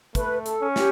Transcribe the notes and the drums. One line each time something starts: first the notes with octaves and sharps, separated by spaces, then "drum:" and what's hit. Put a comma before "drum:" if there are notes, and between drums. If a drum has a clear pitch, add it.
A3 B4, drum: kick, hi-hat
A4, drum: hi-hat
C#4
G4, drum: snare